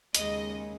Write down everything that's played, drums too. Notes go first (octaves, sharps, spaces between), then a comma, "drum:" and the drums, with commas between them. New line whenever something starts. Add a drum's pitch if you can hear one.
D#2 C#3 G#3 D#5, drum: hi-hat